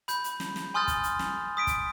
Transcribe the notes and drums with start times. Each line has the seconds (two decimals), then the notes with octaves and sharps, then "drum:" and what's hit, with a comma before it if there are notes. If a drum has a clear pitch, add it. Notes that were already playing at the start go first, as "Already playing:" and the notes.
0.08 B5 G6, drum: hi-hat
0.24 drum: hi-hat
0.40 drum: snare
0.56 drum: snare
0.74 G#5 C6 D#6 F6 G6 A6
0.88 drum: kick, hi-hat
1.03 drum: hi-hat
1.19 drum: snare
1.57 D#6 B6 D7
1.67 drum: kick, hi-hat